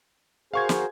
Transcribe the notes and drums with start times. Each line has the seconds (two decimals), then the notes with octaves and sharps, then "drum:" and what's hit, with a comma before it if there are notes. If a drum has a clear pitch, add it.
0.54 F#4 G#4 A#4 C5 F5 C#6 G#6
0.69 drum: snare